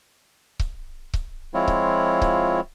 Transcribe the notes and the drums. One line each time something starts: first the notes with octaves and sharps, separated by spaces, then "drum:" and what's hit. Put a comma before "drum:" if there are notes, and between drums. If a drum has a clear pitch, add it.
drum: kick C#1
drum: kick C#1
F3 G#3 C4 E4 F4 C#5
drum: kick C#1
drum: kick C#1